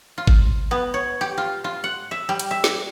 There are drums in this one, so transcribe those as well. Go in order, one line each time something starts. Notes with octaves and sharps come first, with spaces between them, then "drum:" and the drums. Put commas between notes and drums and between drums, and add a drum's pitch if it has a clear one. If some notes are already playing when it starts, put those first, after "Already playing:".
F4
drum: kick G#1
B3
C#5
G4
F4
F4
F#5
E5
G3
drum: hi-hat
E5
drum: snare